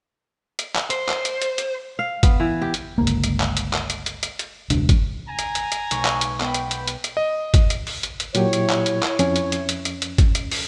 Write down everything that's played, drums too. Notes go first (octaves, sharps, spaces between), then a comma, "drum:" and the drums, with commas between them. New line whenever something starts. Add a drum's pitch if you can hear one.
drum: hi-hat
drum: clap
C5, drum: hi-hat
drum: clap
drum: hi-hat
drum: hi-hat
drum: hi-hat
F5
B3, drum: kick G1, hi-hat
E3
G4
drum: hi-hat
G1 C#2 A#3
drum: hi-hat
drum: hi-hat
drum: clap
drum: hi-hat
drum: clap
drum: hi-hat
drum: hi-hat
drum: hi-hat
drum: hi-hat
E1 C#2 D4, drum: hi-hat
drum: kick G1, hi-hat
G#5 A#5
drum: hi-hat
drum: hi-hat
drum: hi-hat
B1 G#3 C#6, drum: hi-hat
drum: clap
drum: hi-hat
B3 G5 B5, drum: clap
drum: hi-hat
drum: hi-hat
drum: hi-hat
drum: hi-hat
D#5
drum: kick G1, hi-hat
drum: hi-hat
drum: open hi-hat
drum: hi-hat
drum: hi-hat
A#2 F#3 E4 G4 C#5, drum: hi-hat
drum: hi-hat
drum: clap
drum: hi-hat
drum: clap
F2 C#4, drum: hi-hat
drum: hi-hat
drum: hi-hat
drum: hi-hat
drum: hi-hat
drum: hi-hat
drum: kick G1, hi-hat
drum: hi-hat
drum: open hi-hat